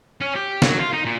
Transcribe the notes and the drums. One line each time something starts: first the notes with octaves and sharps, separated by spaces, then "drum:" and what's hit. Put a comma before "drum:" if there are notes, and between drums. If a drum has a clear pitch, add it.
C#4
G4
F#3, drum: snare
F4
D#4
A#2